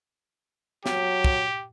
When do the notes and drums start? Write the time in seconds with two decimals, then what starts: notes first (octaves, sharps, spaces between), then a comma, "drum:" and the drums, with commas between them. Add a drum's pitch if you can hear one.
0.86 F#3 G4, drum: snare
1.24 drum: kick